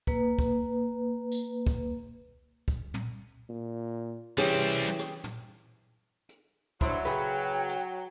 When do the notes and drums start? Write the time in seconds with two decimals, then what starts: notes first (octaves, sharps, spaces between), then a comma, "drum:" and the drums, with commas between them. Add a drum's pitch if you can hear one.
0.07 A#3 B4, drum: kick
0.39 drum: kick
1.32 drum: tambourine
1.67 drum: kick
2.68 drum: kick
2.94 drum: tom
3.49 A#2
4.38 E3 G3 C4 C#4 G4 G#4, drum: tom
4.99 drum: rim click
5.24 drum: tom
6.29 drum: hi-hat
6.81 G2 F#3 D4 E4 C5, drum: kick
7.05 C#3 G#4 B4 G5, drum: open hi-hat
7.69 drum: hi-hat